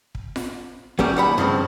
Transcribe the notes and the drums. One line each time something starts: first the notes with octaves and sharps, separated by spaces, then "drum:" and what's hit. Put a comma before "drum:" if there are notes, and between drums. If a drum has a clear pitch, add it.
drum: kick
drum: snare F4
F#3 G3 A3 C#4 G4, drum: kick
D#2 F#5 B5
G2 C#3 F3 C4